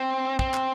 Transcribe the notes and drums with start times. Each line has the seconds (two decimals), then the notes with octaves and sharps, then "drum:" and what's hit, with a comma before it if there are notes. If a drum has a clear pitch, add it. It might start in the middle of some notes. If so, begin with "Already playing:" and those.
Already playing: C4
0.39 C4, drum: kick
0.54 drum: clap